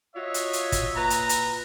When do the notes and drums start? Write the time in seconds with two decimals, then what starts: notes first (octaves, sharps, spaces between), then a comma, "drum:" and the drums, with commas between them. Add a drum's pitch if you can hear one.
0.15 F4 F#4 C#5 D#5 E5
0.34 drum: hi-hat
0.53 drum: hi-hat
0.72 drum: kick, hi-hat
0.96 A#2 B4 A#5
1.10 drum: hi-hat
1.29 drum: hi-hat